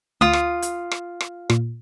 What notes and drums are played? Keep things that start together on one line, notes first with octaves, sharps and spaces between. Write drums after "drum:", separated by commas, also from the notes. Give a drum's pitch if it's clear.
D2 F4 D#6
drum: rim click
drum: hi-hat
drum: rim click
drum: rim click
A#2, drum: rim click